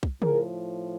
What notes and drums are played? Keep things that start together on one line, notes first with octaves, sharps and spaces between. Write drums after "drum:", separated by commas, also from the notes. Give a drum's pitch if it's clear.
drum: kick
A2 F3 G#4 A#4, drum: tom C#3